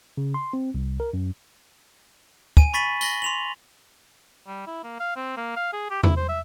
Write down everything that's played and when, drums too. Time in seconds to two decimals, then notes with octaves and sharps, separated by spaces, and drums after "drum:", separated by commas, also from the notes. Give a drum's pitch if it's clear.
0.17 C#3
0.34 C6
0.53 C4
0.74 C2
1.00 A#4
1.13 F#2
2.57 G#5 D#7, drum: kick
2.74 B5 C#6 A6 B6 D#7 F#7
3.01 A#6 F#7 G7, drum: tambourine
3.22 C6 F7 F#7
4.47 G3
4.67 E4
4.84 A#3
5.00 F5
5.16 C4
5.37 A#3
5.56 F5
5.73 G#4
5.90 G4
6.03 E4, drum: tom E2
6.17 C5
6.29 E5